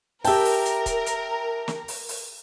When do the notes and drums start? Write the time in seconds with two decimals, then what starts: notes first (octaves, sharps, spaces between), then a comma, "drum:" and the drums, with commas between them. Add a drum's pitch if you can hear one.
0.24 G4 A#4 E5 G5 A5, drum: open hi-hat
0.45 drum: open hi-hat
0.65 drum: hi-hat
0.86 drum: kick C#1, hi-hat
1.06 drum: hi-hat
1.68 drum: snare
1.88 drum: open hi-hat
2.09 drum: open hi-hat